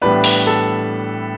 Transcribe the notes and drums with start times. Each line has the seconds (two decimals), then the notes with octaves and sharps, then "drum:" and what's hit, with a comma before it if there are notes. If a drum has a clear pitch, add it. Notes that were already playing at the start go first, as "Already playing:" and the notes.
0.02 A2 E3 G3 B3 D4 B4
0.24 B4, drum: open hi-hat
0.47 A4